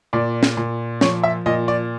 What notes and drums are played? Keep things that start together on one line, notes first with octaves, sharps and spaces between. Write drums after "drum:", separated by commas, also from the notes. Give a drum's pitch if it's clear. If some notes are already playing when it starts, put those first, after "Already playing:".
A#2 D5
drum: snare
A#2
F3 C#5, drum: snare
E5
A#2 D#5
D5